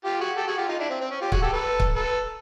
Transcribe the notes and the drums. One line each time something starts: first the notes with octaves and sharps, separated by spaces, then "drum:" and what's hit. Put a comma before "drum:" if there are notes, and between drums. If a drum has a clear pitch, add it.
F4 G4
F#4 G#4
G4 A4
F#4 G#4
F4 G4
D#4 F4
D4 E4
C4
C4
C#4
F4 G4
F#4 G#4, drum: kick C#1
G4 A4
A4 B4
drum: kick C#1
A4 B4